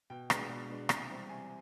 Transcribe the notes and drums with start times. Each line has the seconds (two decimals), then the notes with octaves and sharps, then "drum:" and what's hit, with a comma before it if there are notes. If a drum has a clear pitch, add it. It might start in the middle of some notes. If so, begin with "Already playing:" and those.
0.10 B2 G5
0.30 G#3 B3 D4, drum: rim click
0.49 B2
0.70 G#3 B3 D4
0.89 C3, drum: rim click
1.10 E3 G3 C4
1.29 C3 G#5